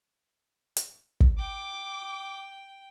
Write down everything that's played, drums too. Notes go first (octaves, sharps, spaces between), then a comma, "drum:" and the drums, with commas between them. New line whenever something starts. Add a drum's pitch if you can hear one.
drum: hi-hat
drum: kick
G5 D6